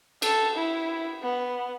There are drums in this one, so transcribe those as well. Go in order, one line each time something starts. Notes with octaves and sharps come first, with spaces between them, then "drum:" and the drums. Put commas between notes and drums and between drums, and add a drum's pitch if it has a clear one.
A4, drum: cymbal
E4
B3